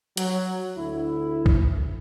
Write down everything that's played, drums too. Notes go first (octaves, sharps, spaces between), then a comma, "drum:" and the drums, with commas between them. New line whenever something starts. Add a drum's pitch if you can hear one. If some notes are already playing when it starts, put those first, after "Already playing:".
F#3, drum: hi-hat
D2 E4
drum: kick